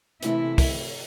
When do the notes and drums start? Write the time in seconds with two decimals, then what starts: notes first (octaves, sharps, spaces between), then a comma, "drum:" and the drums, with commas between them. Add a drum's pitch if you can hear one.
0.23 C3 E3 A3 E4, drum: hi-hat
0.58 drum: kick, open hi-hat